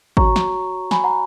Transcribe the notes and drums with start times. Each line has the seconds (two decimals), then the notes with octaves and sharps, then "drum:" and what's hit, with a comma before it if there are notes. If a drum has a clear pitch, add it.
0.17 F#4 C#5 A#5 C#6, drum: kick G#1
0.36 drum: snare
0.91 G#5 B5, drum: snare
1.04 F#5 A#5